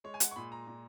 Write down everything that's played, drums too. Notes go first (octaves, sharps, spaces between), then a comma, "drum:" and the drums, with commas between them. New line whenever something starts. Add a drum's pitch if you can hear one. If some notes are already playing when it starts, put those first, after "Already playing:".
G#3 C#5
G#5
F#5, drum: hi-hat
C#6
A#2 B5
A#5
A#2